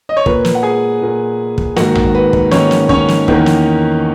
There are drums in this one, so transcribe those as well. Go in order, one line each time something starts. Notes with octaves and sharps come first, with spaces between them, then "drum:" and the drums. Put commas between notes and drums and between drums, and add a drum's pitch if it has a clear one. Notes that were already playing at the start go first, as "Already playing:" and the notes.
D#5
C#5
A#2 A#3 B4, drum: kick
drum: snare
F#5
G#4 G#5
A#2 A#3
drum: kick
G#2 D#3 A#3 F#4 F#5, drum: snare
drum: tom A1
B4
drum: kick
G#2 D#3 A#3 C#4 C#5, drum: snare
drum: snare
C#4 C#5, drum: kick
drum: snare
E2 D#3 A#3, drum: kick
drum: snare